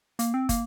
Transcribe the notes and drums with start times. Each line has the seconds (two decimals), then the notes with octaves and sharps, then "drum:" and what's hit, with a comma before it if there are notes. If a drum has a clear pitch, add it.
0.19 A#3, drum: hi-hat
0.34 C4
0.49 A#3, drum: kick, hi-hat